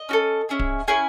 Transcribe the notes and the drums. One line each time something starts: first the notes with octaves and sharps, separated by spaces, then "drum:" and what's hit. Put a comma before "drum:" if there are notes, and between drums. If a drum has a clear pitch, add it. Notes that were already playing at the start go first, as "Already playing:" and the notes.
Already playing: D#5
C#4 F#4 A4
C#4 E4 G#4
drum: kick D1
C#4 E4 G#4 G#5